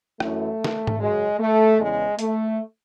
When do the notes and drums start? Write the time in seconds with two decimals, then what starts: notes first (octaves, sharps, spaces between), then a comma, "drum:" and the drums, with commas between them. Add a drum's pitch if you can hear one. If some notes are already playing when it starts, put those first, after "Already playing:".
0.20 F#2 E3 A3, drum: rim click
0.64 drum: snare
0.87 drum: tom G#2
0.99 F#2 C#3 F#3 G#3
1.40 A3
1.78 E2 C#3 E3 G#3
2.19 A3, drum: hi-hat